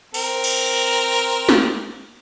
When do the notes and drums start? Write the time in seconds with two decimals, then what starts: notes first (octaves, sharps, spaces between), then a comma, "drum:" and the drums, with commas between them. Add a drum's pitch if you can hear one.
0.14 C4 A#4, drum: open hi-hat
0.44 drum: cymbal
1.49 drum: snare